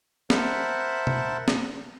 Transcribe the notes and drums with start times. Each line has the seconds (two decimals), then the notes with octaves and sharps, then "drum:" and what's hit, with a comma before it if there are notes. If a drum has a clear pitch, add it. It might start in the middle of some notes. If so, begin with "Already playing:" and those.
0.30 A#4 C5 E5 F#5 A5 B5, drum: snare
1.07 drum: tom B2
1.48 drum: snare